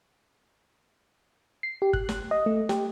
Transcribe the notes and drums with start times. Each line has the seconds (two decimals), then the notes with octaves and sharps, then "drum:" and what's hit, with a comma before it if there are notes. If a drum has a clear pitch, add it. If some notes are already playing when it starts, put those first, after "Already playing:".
1.63 C7
1.82 G4
1.93 F#6, drum: kick G1
2.09 drum: snare
2.31 D#5
2.46 A3
2.69 G4, drum: snare